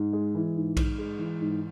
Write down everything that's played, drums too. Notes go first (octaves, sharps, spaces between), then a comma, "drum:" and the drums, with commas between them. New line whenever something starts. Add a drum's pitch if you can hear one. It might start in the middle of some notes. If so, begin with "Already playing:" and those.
Already playing: G#2
G#3
E3
G#2
G#2, drum: kick A#1, cymbal
G#3
E3
G#2